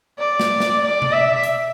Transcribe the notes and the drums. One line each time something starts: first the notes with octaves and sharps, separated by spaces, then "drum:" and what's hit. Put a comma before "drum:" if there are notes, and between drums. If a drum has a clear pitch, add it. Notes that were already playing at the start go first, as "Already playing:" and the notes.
D5
drum: snare
drum: snare
D5
drum: tom B2
E5
drum: hi-hat